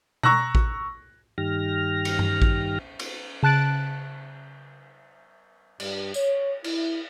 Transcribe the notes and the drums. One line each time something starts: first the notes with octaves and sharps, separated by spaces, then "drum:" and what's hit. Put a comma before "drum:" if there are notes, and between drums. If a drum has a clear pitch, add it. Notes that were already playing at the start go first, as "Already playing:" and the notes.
A#5 C#6 E6 F#6 A#6, drum: tom B2
drum: kick A1
G2 D#3 G4 F6 A#6
drum: cymbal
drum: tom G2
drum: kick A1
drum: cymbal
C#3 A5 F#6 A6 D7
G2, drum: cymbal
C#5, drum: tambourine
E4, drum: cymbal